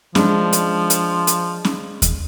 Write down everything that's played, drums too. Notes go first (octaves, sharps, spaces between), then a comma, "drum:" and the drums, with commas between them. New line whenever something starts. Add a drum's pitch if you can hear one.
F3 G#3 D4, drum: snare
drum: hi-hat
drum: hi-hat
drum: hi-hat
drum: snare
drum: kick D#2, hi-hat